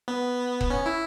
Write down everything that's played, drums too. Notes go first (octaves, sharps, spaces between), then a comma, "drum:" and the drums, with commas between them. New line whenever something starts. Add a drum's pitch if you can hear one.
B3
drum: kick D#1
C#4
E4